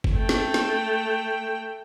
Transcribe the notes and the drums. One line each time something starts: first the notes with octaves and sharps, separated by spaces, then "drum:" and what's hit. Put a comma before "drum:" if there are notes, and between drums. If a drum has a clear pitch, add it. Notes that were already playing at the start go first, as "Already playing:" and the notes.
drum: kick F#1
A3 G5
drum: snare
drum: snare